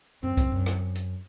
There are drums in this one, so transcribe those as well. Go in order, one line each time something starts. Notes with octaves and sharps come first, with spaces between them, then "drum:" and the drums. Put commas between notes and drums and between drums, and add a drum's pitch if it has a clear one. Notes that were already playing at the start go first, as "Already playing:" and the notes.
F#2 C4
F#2, drum: kick C2, hi-hat
F#2
drum: rim click
drum: hi-hat